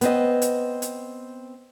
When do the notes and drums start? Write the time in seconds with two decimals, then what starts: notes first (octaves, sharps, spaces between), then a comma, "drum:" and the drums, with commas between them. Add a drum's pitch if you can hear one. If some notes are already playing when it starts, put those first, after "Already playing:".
0.01 B3 C4 D#5, drum: hi-hat
0.42 drum: hi-hat
0.82 drum: hi-hat